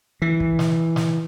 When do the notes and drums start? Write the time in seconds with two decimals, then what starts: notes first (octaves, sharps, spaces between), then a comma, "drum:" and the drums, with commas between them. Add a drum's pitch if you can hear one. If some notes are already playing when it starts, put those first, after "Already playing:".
0.22 E3
0.40 drum: kick
0.59 drum: snare
0.96 drum: snare